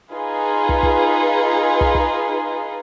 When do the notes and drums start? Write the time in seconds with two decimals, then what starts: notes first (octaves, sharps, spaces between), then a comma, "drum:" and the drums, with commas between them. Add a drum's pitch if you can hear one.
0.13 D#4 F4 G#4 B4
0.69 drum: kick
0.83 drum: kick
1.81 drum: kick
1.95 drum: kick